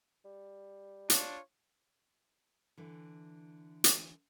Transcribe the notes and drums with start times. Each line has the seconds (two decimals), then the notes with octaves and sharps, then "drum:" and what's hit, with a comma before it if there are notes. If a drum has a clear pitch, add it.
0.25 G3
1.10 D4 F4 C#5, drum: hi-hat
2.77 D3 E3
3.84 drum: hi-hat